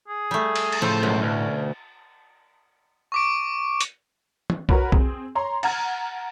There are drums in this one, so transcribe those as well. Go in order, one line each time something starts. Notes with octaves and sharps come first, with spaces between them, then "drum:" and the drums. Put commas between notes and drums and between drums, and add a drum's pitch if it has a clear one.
G#4
G3 A3
drum: cymbal
drum: cymbal
A2 C#3 F3 A4 C5
C#2 F#2 B2
D2 C#4
C#6 D6 D7
drum: hi-hat
drum: tom
F#4 A#4 B4 C#5, drum: kick B1
C4 G#4, drum: kick B1
C#5 A#5 C6
F#5 A#5 F6 G#6, drum: cymbal